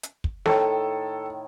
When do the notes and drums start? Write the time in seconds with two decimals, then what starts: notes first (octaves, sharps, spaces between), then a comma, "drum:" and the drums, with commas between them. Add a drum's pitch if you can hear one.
0.03 drum: hi-hat
0.24 drum: kick
0.46 A2 D#3 A4, drum: snare